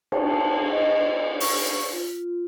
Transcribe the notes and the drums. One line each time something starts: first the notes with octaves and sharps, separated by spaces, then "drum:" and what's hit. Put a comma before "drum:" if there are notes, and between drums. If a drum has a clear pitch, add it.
A5, drum: cymbal
D#5
C#6, drum: open hi-hat
F4